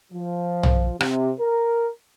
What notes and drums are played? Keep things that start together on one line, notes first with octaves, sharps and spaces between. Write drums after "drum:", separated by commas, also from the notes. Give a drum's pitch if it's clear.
F3
drum: tom
C3, drum: rim click
A#4